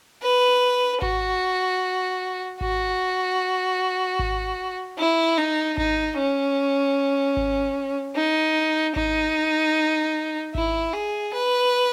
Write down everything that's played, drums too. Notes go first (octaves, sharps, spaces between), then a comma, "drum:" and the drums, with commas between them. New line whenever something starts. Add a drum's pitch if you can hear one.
B4
F#4, drum: kick G#1
F#4, drum: kick G#1
drum: kick G#1
E4
D#4
D#4, drum: kick G#1
C#4
drum: kick G#1
D#4
D#4, drum: kick G#1
E4, drum: kick G#1
G#4
B4